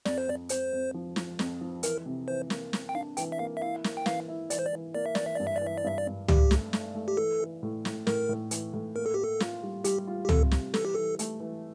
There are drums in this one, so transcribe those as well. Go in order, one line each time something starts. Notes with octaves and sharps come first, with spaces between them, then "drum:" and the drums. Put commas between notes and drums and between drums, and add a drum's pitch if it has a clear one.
F2 D5, drum: snare
C5
F2 D5
F2 C5, drum: hi-hat
F2
F3
F3, drum: snare
F2, drum: snare
F3
E3 A#4, drum: hi-hat
C3
E3 C5
A#3, drum: snare
A#3, drum: snare
G5
D4 F5
E3 G5, drum: hi-hat
E5
A#3 F5
E5
E4 F5
A#3, drum: snare
G5
E3 F5, drum: snare
E4
E3 D5, drum: hi-hat
C5
D5
E3
A#3 D5
E5
E3 D5, drum: snare
E5
G2 D5
E5
D5
E3
E5
D5
G2 E5
D5
G2
G2 G4, drum: tom C#2
A3, drum: snare
A3, drum: snare
A3
G4
E3 A4
E3
A2
A2, drum: snare
A2 A#4, drum: snare
A2
E3, drum: hi-hat
A2
A#3 A#4
A4
A#3 G4
A4
F4, drum: snare
G3
G3 G4, drum: hi-hat
F4
G4
C3 A4, drum: tom C#2
G3, drum: snare
E3 A4, drum: snare
G4
E3 A4
A3, drum: hi-hat
E3